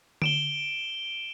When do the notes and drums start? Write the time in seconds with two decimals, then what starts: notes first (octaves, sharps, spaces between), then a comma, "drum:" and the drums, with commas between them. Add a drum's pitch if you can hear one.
0.22 D7 E7 G7, drum: tom D3